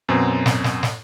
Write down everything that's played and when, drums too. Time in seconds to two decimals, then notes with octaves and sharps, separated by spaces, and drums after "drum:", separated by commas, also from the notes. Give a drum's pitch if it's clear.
0.09 F#2 B2 C4
0.46 drum: snare
0.64 drum: snare
0.83 drum: snare